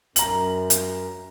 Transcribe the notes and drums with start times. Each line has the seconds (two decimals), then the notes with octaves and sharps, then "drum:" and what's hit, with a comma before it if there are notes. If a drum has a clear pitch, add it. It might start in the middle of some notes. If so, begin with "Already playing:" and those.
0.16 F#2 A#5 F#7, drum: hi-hat
0.70 drum: hi-hat